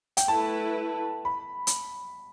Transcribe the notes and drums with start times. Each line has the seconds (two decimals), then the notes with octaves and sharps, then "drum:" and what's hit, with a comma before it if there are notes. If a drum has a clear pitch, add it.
0.17 G5, drum: hi-hat
0.28 A3 E4 B4 A5
1.25 B5
1.67 drum: hi-hat